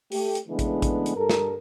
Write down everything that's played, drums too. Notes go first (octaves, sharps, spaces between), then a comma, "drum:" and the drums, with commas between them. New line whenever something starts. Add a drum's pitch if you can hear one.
A3 G4, drum: open hi-hat
drum: hi-hat
C#3 E3 G#3 A3 B3 D4
drum: kick A1, hi-hat
drum: kick A1, hi-hat
drum: hi-hat
G2 A4 A#4
drum: snare